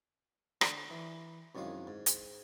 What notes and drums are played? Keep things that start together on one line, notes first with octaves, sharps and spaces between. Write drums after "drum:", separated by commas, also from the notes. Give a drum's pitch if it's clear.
D3 D5 G5, drum: rim click
E3
C2 F#2 D#3 G#3 F5
G#2
drum: hi-hat